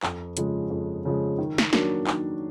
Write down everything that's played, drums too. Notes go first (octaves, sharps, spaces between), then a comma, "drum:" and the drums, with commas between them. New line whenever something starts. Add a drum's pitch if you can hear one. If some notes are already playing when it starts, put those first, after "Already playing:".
F2, drum: clap
C#3 F3 G#3, drum: hi-hat
F2
C#3 F3 G#3
D#3
drum: snare
F#3 A#3 D4 F#4, drum: snare
D#3, drum: clap